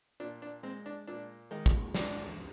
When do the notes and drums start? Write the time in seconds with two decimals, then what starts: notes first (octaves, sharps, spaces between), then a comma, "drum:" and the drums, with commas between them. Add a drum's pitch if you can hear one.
0.20 A#2 D4
0.42 D4
0.63 G#3 C4
0.86 D4
1.07 A#2 D4
1.51 D#3 G#3 D#4
1.66 drum: kick
1.95 G#2 D4, drum: snare